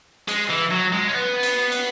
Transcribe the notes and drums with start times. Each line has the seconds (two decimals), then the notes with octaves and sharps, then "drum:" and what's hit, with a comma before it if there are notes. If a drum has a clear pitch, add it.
0.28 G#3, drum: cymbal
0.50 E3
0.71 F#3
0.92 G#3
1.08 C#4
1.14 B3
1.43 drum: cymbal
1.72 drum: cymbal